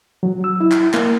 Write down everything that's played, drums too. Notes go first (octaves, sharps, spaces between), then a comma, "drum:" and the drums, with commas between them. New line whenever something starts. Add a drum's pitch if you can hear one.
F#3
E6
E4
drum: clap
A#3, drum: clap